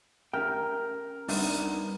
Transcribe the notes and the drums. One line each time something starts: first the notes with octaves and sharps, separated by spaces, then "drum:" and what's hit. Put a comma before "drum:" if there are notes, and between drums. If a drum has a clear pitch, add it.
C#4 A#4 E5 G5
C2 B3 D4 D#4 E5, drum: open hi-hat